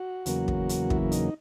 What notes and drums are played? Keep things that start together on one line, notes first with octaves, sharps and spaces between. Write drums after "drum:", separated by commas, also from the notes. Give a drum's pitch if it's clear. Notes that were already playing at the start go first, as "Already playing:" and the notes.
Already playing: F#4
E2 C#3 F#3 A#3, drum: hi-hat
drum: kick
drum: hi-hat
E4, drum: kick
D#4, drum: hi-hat